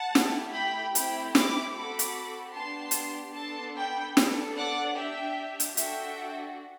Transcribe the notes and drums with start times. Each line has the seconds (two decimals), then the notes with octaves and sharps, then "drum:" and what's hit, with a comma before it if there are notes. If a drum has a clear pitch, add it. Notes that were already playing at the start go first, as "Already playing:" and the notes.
Already playing: F#5 A5
0.15 A3 E4 G4, drum: snare
0.55 G5 B5
0.95 A3 C4 E4 G4 G5 B5, drum: hi-hat
1.35 B5 D6, drum: snare
1.75 C4 F#4 A4 B5 D6
1.99 drum: hi-hat
2.55 B3 D4 G4 A5 C6
2.91 drum: hi-hat
3.35 B3 D4 A4 A5 C6
3.76 G5 B5
4.17 B3 D4 A4, drum: snare
4.57 D5 F#5
4.96 D4 G4 E5 G5
5.60 drum: hi-hat
5.77 D4 F#4 A4 E5 G5, drum: hi-hat